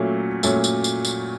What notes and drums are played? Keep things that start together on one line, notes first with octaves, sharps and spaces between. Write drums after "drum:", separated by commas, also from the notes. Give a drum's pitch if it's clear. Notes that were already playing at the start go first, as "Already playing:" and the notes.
Already playing: A#2 F#3 A3 C#4
A#2 F#3 A3 C#4, drum: tambourine
drum: tambourine
drum: tambourine
drum: tambourine